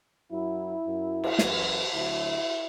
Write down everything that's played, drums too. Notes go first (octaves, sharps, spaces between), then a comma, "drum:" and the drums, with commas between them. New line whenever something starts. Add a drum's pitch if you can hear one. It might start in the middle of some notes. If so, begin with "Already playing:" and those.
F#2 F#3 E4
F#2 F#3
drum: cymbal
F#2 E3, drum: snare
D2 D3 F#3 E4